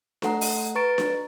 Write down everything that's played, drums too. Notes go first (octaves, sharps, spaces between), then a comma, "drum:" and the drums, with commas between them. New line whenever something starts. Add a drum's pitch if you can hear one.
A3 A4 F#5 A#5, drum: snare D4
drum: open hi-hat
B4 A#5 C#6 A6 D7
drum: snare D4